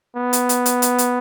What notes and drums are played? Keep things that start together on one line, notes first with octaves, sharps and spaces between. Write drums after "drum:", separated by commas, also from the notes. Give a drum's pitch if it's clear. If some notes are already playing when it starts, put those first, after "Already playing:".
B3
drum: hi-hat
drum: hi-hat
drum: hi-hat
drum: hi-hat
drum: hi-hat